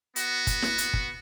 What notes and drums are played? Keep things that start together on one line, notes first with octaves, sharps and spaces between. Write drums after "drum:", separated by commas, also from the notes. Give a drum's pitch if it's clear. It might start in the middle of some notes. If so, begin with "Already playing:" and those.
B3 F#4, drum: hi-hat
drum: kick, hi-hat
drum: snare
drum: hi-hat
drum: kick